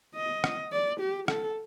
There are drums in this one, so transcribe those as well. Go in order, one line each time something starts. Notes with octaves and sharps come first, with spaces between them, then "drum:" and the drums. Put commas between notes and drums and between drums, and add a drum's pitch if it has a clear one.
D#5
drum: rim click
D5
G4
A4, drum: rim click